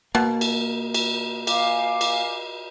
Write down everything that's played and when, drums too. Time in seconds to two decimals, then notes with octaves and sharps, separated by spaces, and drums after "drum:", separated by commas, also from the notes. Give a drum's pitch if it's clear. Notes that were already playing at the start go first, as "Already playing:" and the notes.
0.15 B2 A#3
0.41 drum: cymbal
0.94 drum: cymbal
1.47 F5 G#5 D6, drum: cymbal
2.01 drum: cymbal